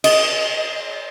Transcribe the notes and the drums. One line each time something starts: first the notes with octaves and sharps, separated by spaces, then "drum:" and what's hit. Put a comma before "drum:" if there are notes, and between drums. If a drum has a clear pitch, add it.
D#5, drum: cymbal